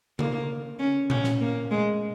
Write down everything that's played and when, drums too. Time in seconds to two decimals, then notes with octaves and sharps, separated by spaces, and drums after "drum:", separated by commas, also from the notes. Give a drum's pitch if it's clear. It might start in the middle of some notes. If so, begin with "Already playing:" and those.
0.19 A#3, drum: tom C#3
0.79 C#4
1.10 C#4, drum: tom A#2
1.24 drum: snare
1.40 A#3
1.71 G#3